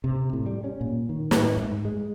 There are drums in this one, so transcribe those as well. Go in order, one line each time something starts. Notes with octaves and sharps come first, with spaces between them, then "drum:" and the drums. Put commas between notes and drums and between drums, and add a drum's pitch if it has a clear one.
C3
A2
G3
C#4
A#2
D#3
A2, drum: snare
G#2
G#3